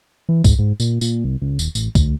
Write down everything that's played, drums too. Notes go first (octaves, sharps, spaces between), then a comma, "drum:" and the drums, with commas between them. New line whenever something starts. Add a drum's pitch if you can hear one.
E3
G#2, drum: kick C2, tambourine
G#2
A#2, drum: tambourine
A#2, drum: tambourine
C2
C#2
D#1, drum: tambourine
A1, drum: tambourine
D2, drum: kick C2, tambourine